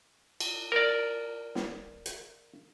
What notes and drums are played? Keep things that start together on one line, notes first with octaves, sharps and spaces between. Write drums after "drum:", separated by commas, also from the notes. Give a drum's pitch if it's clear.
drum: cymbal
A#4 D5
drum: snare
drum: hi-hat